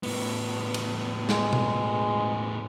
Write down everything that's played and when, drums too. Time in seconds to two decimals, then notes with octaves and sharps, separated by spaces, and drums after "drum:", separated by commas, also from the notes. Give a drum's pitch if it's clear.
0.03 A2 B3, drum: open hi-hat
0.74 drum: cymbal
1.29 G#3, drum: snare
1.53 drum: tom B2